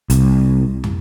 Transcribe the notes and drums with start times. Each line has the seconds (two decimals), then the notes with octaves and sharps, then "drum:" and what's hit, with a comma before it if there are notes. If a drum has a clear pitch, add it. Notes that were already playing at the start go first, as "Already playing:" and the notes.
0.10 C2, drum: hi-hat
0.84 drum: tom